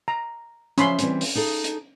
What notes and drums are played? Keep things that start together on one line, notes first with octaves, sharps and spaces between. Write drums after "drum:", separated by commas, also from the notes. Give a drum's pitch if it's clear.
A#5
F3 C#4 E5 B5 C6, drum: hi-hat
E3 G3 C4, drum: hi-hat
drum: open hi-hat
D#4 G#4 A4
drum: hi-hat